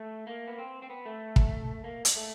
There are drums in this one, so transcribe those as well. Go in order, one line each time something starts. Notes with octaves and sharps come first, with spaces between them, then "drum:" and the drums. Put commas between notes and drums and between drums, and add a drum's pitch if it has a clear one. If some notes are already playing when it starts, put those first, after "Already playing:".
Already playing: A3
A#3
B3
C4
C4
B3
A3
drum: kick
A#3
G#3, drum: hi-hat
A3